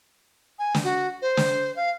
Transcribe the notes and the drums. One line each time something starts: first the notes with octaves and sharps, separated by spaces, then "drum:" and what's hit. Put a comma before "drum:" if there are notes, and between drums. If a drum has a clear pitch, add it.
G#5
drum: snare
F#4
C5
drum: snare
F5